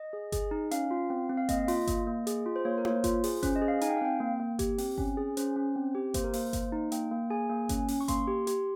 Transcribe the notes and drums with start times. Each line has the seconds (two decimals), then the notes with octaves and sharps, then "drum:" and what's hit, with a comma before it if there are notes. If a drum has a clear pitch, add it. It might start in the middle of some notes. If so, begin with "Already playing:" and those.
Already playing: D#5
0.13 G#4
0.32 G#4, drum: kick G1, hi-hat
0.51 D#4
0.71 C#4 F5, drum: hi-hat
0.91 F4
1.10 C4
1.29 C4
1.37 F5
1.49 A#3 D#5, drum: kick G1, hi-hat
1.68 F4, drum: open hi-hat
1.87 A#3, drum: kick G1, hi-hat
2.07 A#3
2.27 G#4, drum: hi-hat
2.46 F4
2.56 C5
2.65 A#3 C#5
2.78 A#4
2.85 A#3 C#5, drum: tom E4
2.91 C5
3.04 F4, drum: kick G1, hi-hat
3.24 G#4, drum: open hi-hat
3.43 C#4 C5, drum: kick G1, hi-hat
3.56 D#5
3.62 G#4
3.68 F5
3.81 D#4 G#5, drum: hi-hat
3.89 G5
3.97 F5
4.01 C4 G5
4.20 A#3
4.40 A#3
4.59 G4, drum: kick G1, hi-hat
4.78 C4, drum: open hi-hat
4.98 C#4, drum: kick G1
5.17 G#4
5.37 C#4 C5, drum: hi-hat
5.56 C#4
5.76 C4
5.95 G4
6.14 A#3 C5, drum: kick G1, hi-hat
6.24 A#4
6.33 A#3 C5, drum: open hi-hat
6.53 A#3, drum: kick G1, hi-hat
6.72 D#4
6.92 A#3 G5, drum: hi-hat
7.11 A#3
7.30 G#4 G#5
7.50 A#3
7.69 C#4, drum: kick G1, hi-hat
7.88 C#4, drum: open hi-hat
8.01 C#6
8.08 A#3 C6, drum: kick G1, hi-hat
8.28 G4
8.47 G4, drum: hi-hat